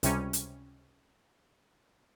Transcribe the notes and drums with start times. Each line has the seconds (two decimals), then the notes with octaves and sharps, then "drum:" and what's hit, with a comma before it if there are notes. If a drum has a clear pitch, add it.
0.03 C#2 C3 G3 C#4, drum: hi-hat
0.33 drum: hi-hat